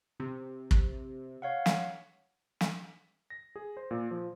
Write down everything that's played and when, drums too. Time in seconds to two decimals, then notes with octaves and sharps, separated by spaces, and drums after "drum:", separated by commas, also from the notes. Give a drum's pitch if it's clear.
0.20 C3
0.71 drum: kick
1.42 C#5 F5 F#5
1.66 drum: snare
2.61 drum: snare
3.30 A#6
3.56 G#4
3.77 C5
3.91 A#2
4.11 F3